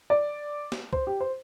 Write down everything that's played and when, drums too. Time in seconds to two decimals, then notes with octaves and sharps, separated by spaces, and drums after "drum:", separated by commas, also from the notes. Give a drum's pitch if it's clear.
0.10 D5
0.72 drum: snare
0.93 C5, drum: kick C2
1.07 G4
1.21 C5